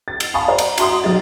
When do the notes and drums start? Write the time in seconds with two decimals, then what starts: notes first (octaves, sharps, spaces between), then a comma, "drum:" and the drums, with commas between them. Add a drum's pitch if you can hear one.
0.08 A6
0.20 drum: cymbal
0.34 F5 G#5 A5 B5 C#6 D#6
0.48 D5 A#5
0.58 drum: cymbal
0.78 F#4 E5 A#5 C6 D#6, drum: cymbal
1.04 B1 F#3 G4 D#5 A6